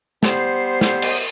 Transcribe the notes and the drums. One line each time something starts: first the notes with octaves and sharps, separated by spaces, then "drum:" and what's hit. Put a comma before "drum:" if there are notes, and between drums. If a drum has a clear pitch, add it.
G3 B3 C5, drum: snare
drum: snare
drum: cymbal